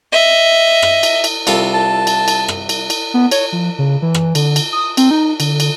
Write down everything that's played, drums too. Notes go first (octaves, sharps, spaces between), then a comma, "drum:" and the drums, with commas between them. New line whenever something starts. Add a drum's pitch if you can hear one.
D#5 E5
drum: rim click
drum: cymbal
drum: cymbal
C2 F4 A4, drum: cymbal
A5
drum: cymbal
drum: cymbal
drum: rim click
drum: cymbal
drum: cymbal
B3
C#5, drum: cymbal
F3
C#3
E3
drum: rim click
D3, drum: cymbal
drum: cymbal
D#6
C4, drum: cymbal
D#4
D3, drum: cymbal
drum: cymbal